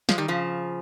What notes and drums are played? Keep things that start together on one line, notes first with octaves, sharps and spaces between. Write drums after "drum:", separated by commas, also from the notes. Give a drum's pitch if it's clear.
F3 G#3, drum: snare
D#3 G3
C#3 F3